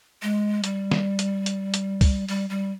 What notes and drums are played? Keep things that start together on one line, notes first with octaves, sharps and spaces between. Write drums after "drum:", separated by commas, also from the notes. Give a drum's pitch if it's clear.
G#3
G3, drum: hi-hat
drum: snare
drum: hi-hat
drum: hi-hat
drum: hi-hat
drum: kick C2, open hi-hat
G3, drum: open hi-hat
G3